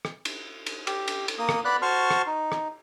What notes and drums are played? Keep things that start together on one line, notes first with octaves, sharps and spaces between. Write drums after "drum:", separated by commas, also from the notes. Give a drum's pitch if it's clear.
drum: rim click
drum: cymbal
drum: cymbal
G4, drum: cymbal
drum: cymbal
drum: cymbal
A#3 D#6
drum: rim click
B3 D5 B5 F#6
F#4 C5 A5 C6 C#6 F6
drum: rim click
D#4
drum: rim click